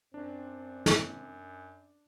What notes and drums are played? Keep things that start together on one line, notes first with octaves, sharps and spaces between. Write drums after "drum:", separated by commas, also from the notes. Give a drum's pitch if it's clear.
F#2 C4 D4
drum: snare